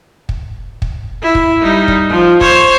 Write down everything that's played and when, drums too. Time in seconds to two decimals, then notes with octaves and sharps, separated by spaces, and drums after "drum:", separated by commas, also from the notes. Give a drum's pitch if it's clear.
0.29 drum: kick
0.82 drum: kick
1.23 E4
1.35 drum: kick
1.62 G3 D#4
1.88 drum: kick
2.10 F3
2.41 C5 C#5, drum: kick